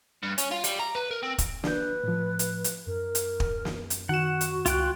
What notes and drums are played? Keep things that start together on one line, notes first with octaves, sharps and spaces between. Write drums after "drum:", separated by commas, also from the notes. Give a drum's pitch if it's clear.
G2
C#4, drum: hi-hat
F4
G3, drum: hi-hat
A#5
B4
A#4
C4
drum: kick, hi-hat
D4 B4 G6, drum: snare
A2 F3
drum: hi-hat
drum: hi-hat
F#2 A#4
drum: hi-hat
drum: kick
drum: snare
drum: hi-hat
D#3 F#4 F#5 E7
drum: hi-hat
C#2 F4 G5 F#6, drum: hi-hat